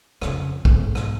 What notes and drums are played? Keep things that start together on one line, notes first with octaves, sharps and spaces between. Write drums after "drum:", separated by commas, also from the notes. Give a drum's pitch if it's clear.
F2 C#3, drum: rim click
B1 G#2, drum: kick
drum: rim click